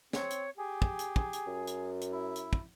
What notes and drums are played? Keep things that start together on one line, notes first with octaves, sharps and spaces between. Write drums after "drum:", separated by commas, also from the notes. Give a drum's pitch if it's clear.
C4 C#5, drum: snare
drum: hi-hat
G4 G#4
drum: kick
drum: hi-hat
drum: kick
drum: hi-hat
F#2
drum: hi-hat
drum: hi-hat
E4
drum: hi-hat
drum: kick